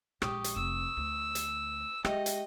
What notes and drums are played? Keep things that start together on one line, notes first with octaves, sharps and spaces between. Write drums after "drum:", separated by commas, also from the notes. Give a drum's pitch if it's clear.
A#1 G#3 G4 C#6 D#6, drum: rim click
drum: hi-hat
F1 E6
D2
drum: hi-hat
G#3 G4 D#5 E5 G5, drum: rim click
drum: hi-hat